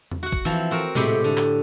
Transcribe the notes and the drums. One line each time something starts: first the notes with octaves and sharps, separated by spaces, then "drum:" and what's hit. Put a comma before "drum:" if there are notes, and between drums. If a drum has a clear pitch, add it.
drum: tom E2
F#4 F#5
drum: kick A1
E3 F3 C4
C4 F#4 A#4
A2 C3 G#3 G4 B5, drum: tom A#2
D3
drum: clap